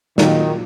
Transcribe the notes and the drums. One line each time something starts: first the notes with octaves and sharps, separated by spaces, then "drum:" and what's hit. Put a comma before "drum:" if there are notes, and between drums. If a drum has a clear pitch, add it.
A#2 D#3 F#3 A#3 D#4, drum: snare